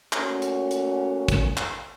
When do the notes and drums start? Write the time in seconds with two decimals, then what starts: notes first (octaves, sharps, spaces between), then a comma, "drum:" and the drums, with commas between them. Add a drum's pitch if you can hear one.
0.13 A#2 A3 C#4 F#4, drum: clap
0.42 drum: hi-hat
0.71 drum: hi-hat
1.28 drum: kick, hi-hat
1.57 drum: clap